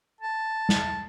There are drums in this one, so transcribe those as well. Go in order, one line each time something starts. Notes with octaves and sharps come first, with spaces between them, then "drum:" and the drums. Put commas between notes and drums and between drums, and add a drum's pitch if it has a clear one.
A5
drum: snare